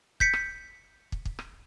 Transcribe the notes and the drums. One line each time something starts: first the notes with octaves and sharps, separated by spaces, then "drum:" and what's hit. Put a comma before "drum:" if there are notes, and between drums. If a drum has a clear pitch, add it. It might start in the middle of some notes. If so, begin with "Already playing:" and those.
G6 B6 C#7, drum: kick
drum: rim click
drum: kick
drum: kick
drum: rim click